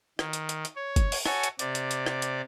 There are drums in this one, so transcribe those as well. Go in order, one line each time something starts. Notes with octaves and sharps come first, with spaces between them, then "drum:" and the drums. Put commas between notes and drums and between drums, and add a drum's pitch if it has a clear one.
D#3, drum: rim click
drum: hi-hat
drum: hi-hat
drum: hi-hat
C#5
drum: kick F#1, hi-hat
drum: open hi-hat
F#4 A4 C#5 G#5 C#6, drum: rim click
drum: hi-hat
C3 D5, drum: hi-hat
drum: hi-hat
drum: hi-hat
drum: rim click
drum: hi-hat